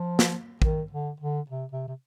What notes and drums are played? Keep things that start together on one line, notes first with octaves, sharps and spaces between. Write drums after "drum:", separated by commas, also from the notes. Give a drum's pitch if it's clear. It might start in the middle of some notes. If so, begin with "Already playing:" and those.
Already playing: F3
drum: snare
D#3, drum: kick
D3
D3
C3
C3
C3